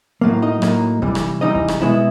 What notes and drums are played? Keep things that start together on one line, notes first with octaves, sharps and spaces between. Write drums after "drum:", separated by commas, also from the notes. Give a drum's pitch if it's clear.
A2 F#3 A#3
D#4 D#5
A2 F#3 A#3, drum: rim click
C3 E3 G3, drum: kick
drum: rim click
C3 E3 G3 D#4 D#5
drum: kick
drum: rim click
B2 G#3 B3 E4 E5